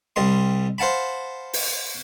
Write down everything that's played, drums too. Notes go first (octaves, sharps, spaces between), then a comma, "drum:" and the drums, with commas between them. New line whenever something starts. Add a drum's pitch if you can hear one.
C2 G3 D#5 C6
C5 F5 F#5 A5 B5
drum: open hi-hat